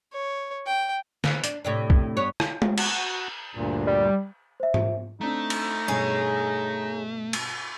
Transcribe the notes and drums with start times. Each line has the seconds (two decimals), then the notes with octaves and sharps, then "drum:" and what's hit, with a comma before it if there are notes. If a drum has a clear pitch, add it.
0.13 C#5
0.66 G5
1.24 E3, drum: snare
1.44 D4, drum: hi-hat
1.65 A2 C3 D4
1.90 drum: kick
2.17 G2 B3 C#5
2.40 drum: rim click
2.62 drum: tom G#3
2.78 F#4 F#5, drum: cymbal
3.55 D2 G2 A#2
3.87 G3
4.60 C5 E5
4.74 drum: tom G#2
5.21 A3 C4 D4 D#4 A#5
5.50 drum: cymbal
5.88 G2 B2 G#4 C#5
7.33 drum: cymbal